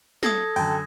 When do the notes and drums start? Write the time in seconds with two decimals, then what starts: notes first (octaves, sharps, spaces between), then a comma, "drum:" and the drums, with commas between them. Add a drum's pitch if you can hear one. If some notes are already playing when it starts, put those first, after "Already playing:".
0.23 A4 D#6 G#6 A#6, drum: snare
0.56 F#2 D3 G5 A5, drum: open hi-hat